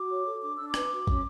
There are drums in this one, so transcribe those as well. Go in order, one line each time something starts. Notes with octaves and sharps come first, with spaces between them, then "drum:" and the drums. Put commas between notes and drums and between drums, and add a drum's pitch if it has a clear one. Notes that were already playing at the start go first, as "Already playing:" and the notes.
Already playing: F#4 D6
C#5
A4
D4 D6
D4 E6
D6
B4, drum: rim click
F#4
C#4, drum: kick